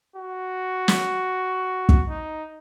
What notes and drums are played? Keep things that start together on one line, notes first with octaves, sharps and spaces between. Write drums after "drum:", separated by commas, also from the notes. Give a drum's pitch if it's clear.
F#4
drum: snare
drum: kick
D#4